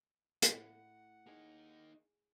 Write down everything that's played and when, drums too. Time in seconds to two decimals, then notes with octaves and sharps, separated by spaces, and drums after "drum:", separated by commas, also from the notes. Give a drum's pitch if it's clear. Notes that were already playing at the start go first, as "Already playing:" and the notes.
0.42 A2 F#5, drum: hi-hat
1.26 A#3 D#4 G#4